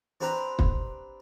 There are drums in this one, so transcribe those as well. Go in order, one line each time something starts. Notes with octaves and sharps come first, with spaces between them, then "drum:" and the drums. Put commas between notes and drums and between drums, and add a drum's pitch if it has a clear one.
C4 D4 G4 B4 A#5
drum: kick